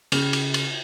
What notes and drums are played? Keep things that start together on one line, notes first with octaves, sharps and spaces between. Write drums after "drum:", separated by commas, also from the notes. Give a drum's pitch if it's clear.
C#3, drum: cymbal
drum: cymbal
drum: cymbal